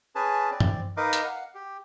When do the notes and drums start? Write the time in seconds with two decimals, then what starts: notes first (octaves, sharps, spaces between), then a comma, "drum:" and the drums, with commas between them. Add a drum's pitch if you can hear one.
0.15 C#4 G#4 B4 A5
0.51 C4 D5
0.60 drum: tom G2
0.97 D#4 A#4 B4 D#5 F5 D6
1.13 drum: hi-hat
1.25 F5 F#5
1.55 G4